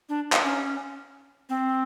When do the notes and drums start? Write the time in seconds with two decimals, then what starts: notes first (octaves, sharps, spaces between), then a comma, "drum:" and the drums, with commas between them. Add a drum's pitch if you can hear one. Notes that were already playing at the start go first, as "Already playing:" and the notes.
0.09 D4
0.32 drum: clap
0.44 C#4
1.49 C4